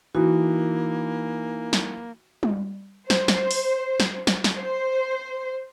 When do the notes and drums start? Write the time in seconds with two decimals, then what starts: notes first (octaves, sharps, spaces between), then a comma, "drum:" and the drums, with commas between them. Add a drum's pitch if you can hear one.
0.15 E3 A#3 D#4 E4 F#4 D#6
1.73 drum: snare
2.43 drum: tom G3
3.10 C5, drum: snare
3.28 drum: snare
3.51 drum: open hi-hat
4.00 drum: snare
4.27 drum: snare
4.44 drum: snare
4.58 C5